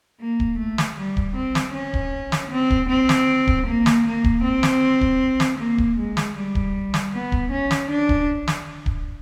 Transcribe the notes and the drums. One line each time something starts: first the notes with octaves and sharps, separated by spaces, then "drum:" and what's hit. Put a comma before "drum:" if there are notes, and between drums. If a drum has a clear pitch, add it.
A#3
drum: kick D1
A3
drum: snare
G3
drum: kick D1
C4
drum: snare
C#4
drum: kick D1
drum: snare
C4
drum: kick D1
C4
drum: snare
drum: kick D1
A#3
drum: snare
A#3
drum: kick D1
C4
drum: snare
drum: kick D1
drum: snare
A#3
drum: kick D1
G#3
drum: snare
G3
drum: kick D1
drum: snare
B3
drum: kick D1
C#4
drum: snare
D4
drum: kick D1
drum: snare
drum: kick D1